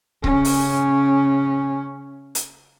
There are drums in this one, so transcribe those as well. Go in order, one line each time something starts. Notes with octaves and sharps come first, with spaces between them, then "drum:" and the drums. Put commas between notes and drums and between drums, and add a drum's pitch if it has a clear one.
C#3 C#4, drum: kick C#1
drum: open hi-hat
drum: hi-hat